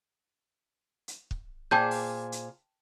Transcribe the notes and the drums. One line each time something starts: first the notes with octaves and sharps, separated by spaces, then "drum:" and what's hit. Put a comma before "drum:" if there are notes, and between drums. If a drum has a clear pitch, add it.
drum: hi-hat
drum: kick
A#2 G#4 C5 G5 A5 G6
drum: open hi-hat
drum: hi-hat